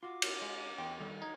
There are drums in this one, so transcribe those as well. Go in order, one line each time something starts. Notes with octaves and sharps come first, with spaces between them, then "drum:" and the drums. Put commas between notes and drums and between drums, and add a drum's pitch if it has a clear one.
F4 F#4 D6
drum: cymbal
G#3
E2 G5
D#3 G3 A4
D#4 G#6